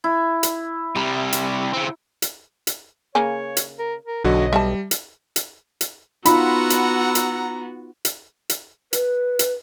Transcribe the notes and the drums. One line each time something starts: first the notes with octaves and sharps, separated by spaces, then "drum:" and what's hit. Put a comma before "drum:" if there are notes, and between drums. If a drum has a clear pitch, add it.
E4
drum: hi-hat
C3 G3 A#5
drum: hi-hat
C#3 C4
drum: hi-hat
drum: hi-hat
C#3 A#3 C#5 G#5
drum: hi-hat
A#4
A#4
B1 D3 F#3 F#4 D#5
G3 E5 F5 A5
drum: hi-hat
drum: hi-hat
drum: hi-hat
B3 D#4 F4 F#4 F#5 A#5 B5 E6, drum: hi-hat
drum: hi-hat
drum: hi-hat
drum: hi-hat
drum: hi-hat
B4, drum: hi-hat
drum: hi-hat